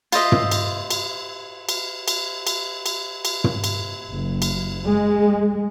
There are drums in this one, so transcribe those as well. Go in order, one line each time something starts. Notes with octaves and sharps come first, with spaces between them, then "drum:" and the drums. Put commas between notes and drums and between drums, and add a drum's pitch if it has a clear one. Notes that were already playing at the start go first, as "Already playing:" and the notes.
F4 C5 D#5 E5, drum: cymbal
drum: tom
drum: cymbal
drum: cymbal
drum: cymbal
drum: cymbal
drum: cymbal
drum: cymbal
drum: cymbal
drum: tom
drum: cymbal
F#1
drum: cymbal
G#3